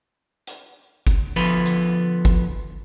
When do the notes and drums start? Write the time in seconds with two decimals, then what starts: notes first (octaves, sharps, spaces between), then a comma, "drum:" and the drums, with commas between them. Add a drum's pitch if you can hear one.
0.47 drum: hi-hat
1.07 drum: kick G1, hi-hat
1.36 D3 F3 B3 B4
1.66 drum: hi-hat
2.25 drum: kick G1, hi-hat